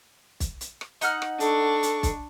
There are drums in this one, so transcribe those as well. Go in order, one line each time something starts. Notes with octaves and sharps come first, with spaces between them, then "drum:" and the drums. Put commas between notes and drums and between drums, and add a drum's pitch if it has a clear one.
drum: kick, hi-hat
drum: hi-hat
drum: rim click
D#4 F#5 F6, drum: hi-hat
drum: rim click
D4 A4 C#6, drum: hi-hat
drum: hi-hat
drum: kick, hi-hat